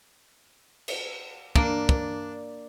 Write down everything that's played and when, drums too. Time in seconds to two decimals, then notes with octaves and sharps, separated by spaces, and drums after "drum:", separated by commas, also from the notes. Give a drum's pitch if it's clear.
0.88 drum: cymbal
1.56 A#3 D4, drum: kick
1.89 drum: kick